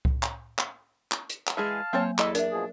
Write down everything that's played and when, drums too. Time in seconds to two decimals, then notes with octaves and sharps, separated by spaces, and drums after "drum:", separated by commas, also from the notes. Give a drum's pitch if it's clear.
0.05 drum: kick C2
0.23 drum: clap
0.58 drum: clap
1.12 drum: clap
1.30 drum: hi-hat
1.47 drum: clap
1.57 E3 G#3 G#4 F5 A5
1.93 F#3 A#3 C4 C5 C#5
2.19 E2 E4 A4 D#5, drum: clap
2.35 D4 A#4 E5, drum: hi-hat
2.51 B2 F3 G#4